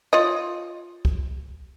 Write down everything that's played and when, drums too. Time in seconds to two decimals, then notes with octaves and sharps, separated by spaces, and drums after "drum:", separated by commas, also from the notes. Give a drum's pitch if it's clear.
0.13 F4 C#5 D#5
1.05 drum: kick C2